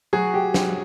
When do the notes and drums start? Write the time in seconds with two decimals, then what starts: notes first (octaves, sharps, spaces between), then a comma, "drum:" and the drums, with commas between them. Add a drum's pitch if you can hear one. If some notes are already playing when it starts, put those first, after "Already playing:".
0.13 F#3 F#4 G#4
0.33 G4
0.54 G4, drum: snare